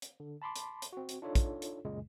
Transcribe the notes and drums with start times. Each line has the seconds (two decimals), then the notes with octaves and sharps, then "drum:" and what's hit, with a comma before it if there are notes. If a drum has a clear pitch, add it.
0.02 drum: hi-hat
0.20 D3
0.42 A5 B5 C6 D6
0.56 drum: hi-hat
0.82 drum: hi-hat
0.93 C4 F#4
1.09 drum: hi-hat
1.22 D4 D#4 F4 A4 C#5
1.35 drum: kick, hi-hat
1.62 drum: hi-hat
1.85 C#2 F#2 A#2 C#3 G#3